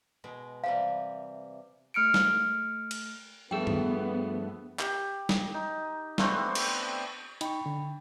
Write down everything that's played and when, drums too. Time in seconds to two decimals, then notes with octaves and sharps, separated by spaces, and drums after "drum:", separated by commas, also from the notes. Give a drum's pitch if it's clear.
0.24 B2 G#3
0.64 C3 E3 G3 F5
1.94 A3 F6 C#7 D7
2.14 drum: snare
2.91 drum: cymbal
3.51 G2 F3 A3 B3 G#4 G5 E6
3.67 drum: tom
4.79 G4, drum: clap
5.29 drum: snare
5.54 D#4
6.18 A3 B3 C4 D4, drum: snare
6.55 drum: cymbal
7.41 D#4 G5 B5 C#6, drum: hi-hat
7.66 D3